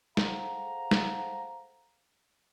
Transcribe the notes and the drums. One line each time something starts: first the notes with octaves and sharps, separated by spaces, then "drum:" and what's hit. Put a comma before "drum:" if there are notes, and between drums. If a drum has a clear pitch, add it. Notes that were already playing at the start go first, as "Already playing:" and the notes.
G#4 A4 C5 F5 F#5 A#5, drum: snare
drum: snare